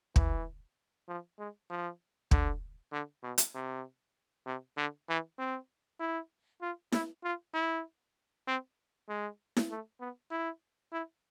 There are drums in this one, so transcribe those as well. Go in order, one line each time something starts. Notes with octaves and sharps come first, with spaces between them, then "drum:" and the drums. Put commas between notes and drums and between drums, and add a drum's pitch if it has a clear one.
E3, drum: kick
F3
G#3
F3
D3, drum: kick
D3
B2
drum: hi-hat
C3
C3
D3
E3
C4
E4
F4
E4, drum: snare E4
F4
E4
C4
G#3
drum: snare E4
A3
B3
E4
E4